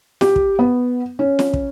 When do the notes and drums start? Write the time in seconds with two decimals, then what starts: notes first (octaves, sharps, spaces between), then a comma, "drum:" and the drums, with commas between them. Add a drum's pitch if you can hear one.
0.21 G4, drum: snare
0.36 drum: kick
0.59 B3
1.19 C#4
1.39 drum: snare
1.53 drum: kick